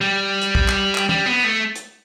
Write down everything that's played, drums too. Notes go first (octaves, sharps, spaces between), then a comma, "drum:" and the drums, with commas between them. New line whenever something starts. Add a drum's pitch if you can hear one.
G3
drum: hi-hat
drum: kick
drum: clap
drum: clap
G3, drum: tom
B3
A3
drum: hi-hat